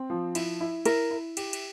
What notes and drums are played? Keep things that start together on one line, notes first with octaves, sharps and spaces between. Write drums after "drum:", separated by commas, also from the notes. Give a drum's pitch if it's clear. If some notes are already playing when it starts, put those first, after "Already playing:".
Already playing: C4
F3
E4, drum: cymbal
E4
E4 A#4, drum: cymbal
E4
G4, drum: cymbal
drum: cymbal